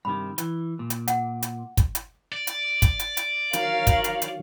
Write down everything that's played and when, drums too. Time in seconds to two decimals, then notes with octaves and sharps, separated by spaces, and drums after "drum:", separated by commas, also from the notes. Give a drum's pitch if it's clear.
0.05 G2 C3 D#3 B5
0.38 E3, drum: hi-hat
0.79 A#2
0.90 drum: hi-hat
1.08 F#5, drum: hi-hat
1.43 drum: hi-hat
1.77 drum: kick, hi-hat
1.95 drum: hi-hat
2.32 D5
2.47 drum: hi-hat
2.82 drum: kick, hi-hat
2.99 drum: hi-hat
3.17 drum: hi-hat
3.53 D#3 F#3 A#4 C#5 F5, drum: hi-hat
3.87 drum: kick, hi-hat
4.04 drum: hi-hat
4.22 drum: hi-hat